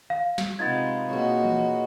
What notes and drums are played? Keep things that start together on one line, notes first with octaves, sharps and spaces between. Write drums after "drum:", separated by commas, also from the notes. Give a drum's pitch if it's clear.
F5
drum: snare
C3 G#3 B3 D#4 F4 G#6 A6
B2 G#3 A#3 F#4 C#5
drum: tom E3